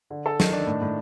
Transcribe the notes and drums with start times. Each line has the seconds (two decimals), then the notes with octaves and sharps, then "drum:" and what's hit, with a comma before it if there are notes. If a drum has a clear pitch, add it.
0.10 D3
0.26 A4
0.40 D#3, drum: snare
0.53 D4
0.67 A2
0.82 A2